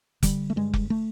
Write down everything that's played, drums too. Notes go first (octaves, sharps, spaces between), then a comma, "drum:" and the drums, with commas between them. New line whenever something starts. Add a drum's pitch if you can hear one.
D3 G3, drum: kick F1, hi-hat
A3
G2 G#3
drum: kick F1
A3